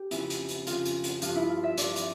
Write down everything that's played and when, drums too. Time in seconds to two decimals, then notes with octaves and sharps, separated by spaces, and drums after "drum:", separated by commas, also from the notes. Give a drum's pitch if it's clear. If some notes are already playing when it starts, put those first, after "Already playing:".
Already playing: G4
0.11 F2 C#3 F3 E4, drum: hi-hat
0.30 drum: hi-hat
0.48 drum: hi-hat
0.67 F2 C#3 F3 F4, drum: hi-hat
0.85 drum: hi-hat
1.04 drum: hi-hat
1.22 G2 F3 F4, drum: hi-hat
1.36 E4
1.50 F4
1.63 E5
1.77 G2 F3 D5, drum: hi-hat
1.96 drum: hi-hat